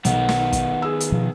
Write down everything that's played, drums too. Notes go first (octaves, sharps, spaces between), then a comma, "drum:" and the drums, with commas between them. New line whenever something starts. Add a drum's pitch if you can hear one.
B1 D#3 B3 F#5, drum: hi-hat
drum: snare
drum: kick, hi-hat
G#4 E6
drum: hi-hat
B2 F3